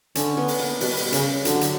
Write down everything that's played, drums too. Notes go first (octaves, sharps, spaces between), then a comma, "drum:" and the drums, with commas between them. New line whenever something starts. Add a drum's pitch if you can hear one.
D3 C#4, drum: hi-hat
B3
drum: open hi-hat
A#3
B2 G3, drum: open hi-hat
drum: open hi-hat
C#3, drum: hi-hat
D3 F#3, drum: hi-hat
drum: hi-hat